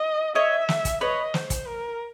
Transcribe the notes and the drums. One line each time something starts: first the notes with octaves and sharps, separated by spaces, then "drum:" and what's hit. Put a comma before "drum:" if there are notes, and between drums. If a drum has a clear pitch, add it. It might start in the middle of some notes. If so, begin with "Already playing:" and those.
Already playing: D#5
C#5 D#5 E5
drum: snare
drum: kick, hi-hat
B4 C#5 D#5
C5, drum: snare
drum: kick, hi-hat
A#4